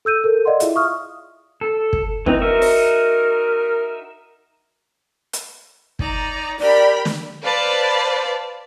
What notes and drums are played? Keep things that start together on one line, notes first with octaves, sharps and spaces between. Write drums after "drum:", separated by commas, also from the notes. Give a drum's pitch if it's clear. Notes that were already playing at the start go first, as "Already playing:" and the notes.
A4 E6 G6 D#7
A4 A#4
D5 D#5 F5 F#5 C6
E4 F4 G#4 E5, drum: hi-hat
E5 F5 C#6 D#6 F6
A4
drum: kick
E3 C4 D#4, drum: kick
D#4 F#4 A#4 E5
drum: open hi-hat
drum: hi-hat
D#4 D5 A#5, drum: kick
G4 A#4 D5 B5
drum: snare
B4 C5 D5 F5 A5 B5